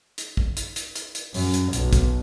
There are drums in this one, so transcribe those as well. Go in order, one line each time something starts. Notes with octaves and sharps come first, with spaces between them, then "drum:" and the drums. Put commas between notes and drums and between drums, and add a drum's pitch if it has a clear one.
drum: hi-hat
drum: kick
drum: hi-hat
drum: hi-hat
drum: hi-hat
drum: hi-hat
F#2, drum: open hi-hat
drum: hi-hat
B1, drum: hi-hat
drum: kick, hi-hat